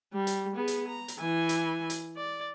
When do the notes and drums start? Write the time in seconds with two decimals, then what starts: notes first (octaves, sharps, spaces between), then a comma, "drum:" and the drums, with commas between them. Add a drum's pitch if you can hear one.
0.13 G3
0.27 drum: hi-hat
0.56 B3 G#4
0.68 drum: hi-hat
0.88 A#5
1.08 drum: hi-hat
1.19 E3 G#5
1.49 drum: hi-hat
1.90 drum: hi-hat
2.17 D5